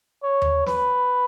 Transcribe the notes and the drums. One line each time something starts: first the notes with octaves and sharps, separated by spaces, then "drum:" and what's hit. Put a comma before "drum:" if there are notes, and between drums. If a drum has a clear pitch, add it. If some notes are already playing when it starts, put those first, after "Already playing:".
C#5
drum: tom D#2
B4, drum: snare